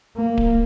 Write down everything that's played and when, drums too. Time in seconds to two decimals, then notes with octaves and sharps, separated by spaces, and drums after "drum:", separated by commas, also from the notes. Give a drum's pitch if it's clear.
0.16 A#3
0.38 drum: kick D1